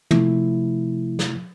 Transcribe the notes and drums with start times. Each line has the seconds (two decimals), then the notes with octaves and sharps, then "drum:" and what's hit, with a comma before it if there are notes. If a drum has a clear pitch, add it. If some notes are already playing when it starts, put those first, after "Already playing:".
0.11 C3 F3 A3 E4, drum: tom
1.19 drum: snare